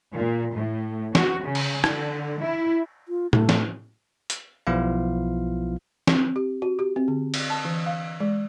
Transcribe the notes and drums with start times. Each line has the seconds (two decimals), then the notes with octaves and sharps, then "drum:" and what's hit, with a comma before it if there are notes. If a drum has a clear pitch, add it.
0.12 A#2
0.54 A2
1.15 F#4, drum: snare
1.44 C#3
1.55 drum: cymbal
1.84 D3, drum: rim click
2.40 E4
3.08 F4
3.33 A3, drum: tom A2
3.49 drum: snare
4.30 drum: hi-hat
4.67 B1 F3 B3 E4 F4 F5
6.07 C4, drum: snare
6.36 G4
6.62 F#4
6.79 G4
6.96 C4
7.08 D3
7.34 drum: cymbal
7.50 A5
7.65 E3
7.86 F5
8.20 G#3